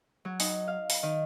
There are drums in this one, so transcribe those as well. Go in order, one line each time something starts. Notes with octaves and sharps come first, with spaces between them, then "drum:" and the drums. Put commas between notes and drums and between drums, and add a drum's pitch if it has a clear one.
F#3
D#4, drum: open hi-hat
F5
drum: open hi-hat
D#3